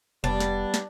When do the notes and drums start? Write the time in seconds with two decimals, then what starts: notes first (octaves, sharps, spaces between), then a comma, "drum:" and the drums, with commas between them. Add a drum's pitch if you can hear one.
0.24 F1 G3 B3 D4
0.40 drum: snare
0.74 drum: snare